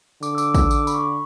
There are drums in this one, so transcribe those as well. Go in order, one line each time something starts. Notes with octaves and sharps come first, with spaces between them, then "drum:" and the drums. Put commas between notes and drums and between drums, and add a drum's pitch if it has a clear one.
D3 D6, drum: tambourine
E6
D6, drum: tambourine
E6, drum: kick, tambourine
D6, drum: tambourine
B5, drum: tambourine
C#6